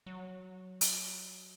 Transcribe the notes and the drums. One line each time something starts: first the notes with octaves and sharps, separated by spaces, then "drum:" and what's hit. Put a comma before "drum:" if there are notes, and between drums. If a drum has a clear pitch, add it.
F#3
drum: hi-hat